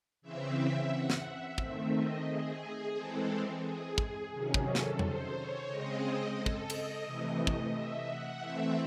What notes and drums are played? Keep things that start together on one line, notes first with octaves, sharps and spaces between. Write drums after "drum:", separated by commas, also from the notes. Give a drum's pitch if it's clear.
C#3 E3 C4 E5
E5
F#5
drum: snare
E5
D#3 A3 C4 E5, drum: kick
D#5
G#4
E3 G#3 C4 A4
G#4
G#4, drum: kick
C3 D#3 F#3 C#4 G#4
drum: kick
A4
drum: snare
C5, drum: tom
C#5
C#3 G#3 C4 D#5
A4
drum: kick
D#5, drum: cymbal
C3 E3 A3
drum: kick
E5
F#5
E3 A3 C4 E5